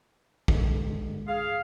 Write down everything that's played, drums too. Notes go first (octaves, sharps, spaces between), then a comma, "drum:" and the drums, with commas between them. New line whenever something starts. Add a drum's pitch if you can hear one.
G2 D3 G#3, drum: kick A#1
G#4 F5